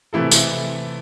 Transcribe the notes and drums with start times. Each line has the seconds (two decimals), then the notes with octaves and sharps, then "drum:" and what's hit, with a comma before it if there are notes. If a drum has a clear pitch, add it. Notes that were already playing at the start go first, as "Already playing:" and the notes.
0.13 C3 E3 A3 E4 A4
0.31 drum: tambourine